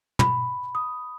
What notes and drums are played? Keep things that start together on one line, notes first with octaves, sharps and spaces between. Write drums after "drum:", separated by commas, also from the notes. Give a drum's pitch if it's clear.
B5, drum: tom
D#6